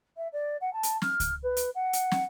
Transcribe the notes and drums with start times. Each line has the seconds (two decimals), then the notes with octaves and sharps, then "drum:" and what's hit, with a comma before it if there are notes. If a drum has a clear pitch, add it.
0.17 E5
0.33 D5
0.61 F#5
0.73 A5
0.83 drum: hi-hat
1.02 F6, drum: snare
1.20 drum: kick C#2, hi-hat
1.43 B4
1.57 drum: hi-hat
1.75 F#5
1.93 drum: hi-hat
2.12 drum: snare